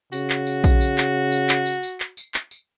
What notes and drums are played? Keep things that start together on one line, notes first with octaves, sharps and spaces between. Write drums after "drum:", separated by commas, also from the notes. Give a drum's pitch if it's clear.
C#3 F#4, drum: tambourine
drum: clap
drum: tambourine
drum: kick A#1, tambourine
drum: tambourine
drum: clap
drum: tambourine
drum: clap
drum: tambourine
drum: tambourine
drum: clap
drum: tambourine
drum: clap
drum: tambourine